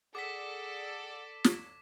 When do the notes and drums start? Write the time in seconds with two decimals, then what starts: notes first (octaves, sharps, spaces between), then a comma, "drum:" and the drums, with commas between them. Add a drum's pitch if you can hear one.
0.15 G#4 A4 D5 F#5 D6 B6
1.44 drum: snare